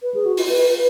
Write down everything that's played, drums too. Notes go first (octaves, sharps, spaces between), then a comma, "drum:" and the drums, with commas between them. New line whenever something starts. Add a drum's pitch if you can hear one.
B4
G#4
F#4
F4, drum: open hi-hat
B4
B4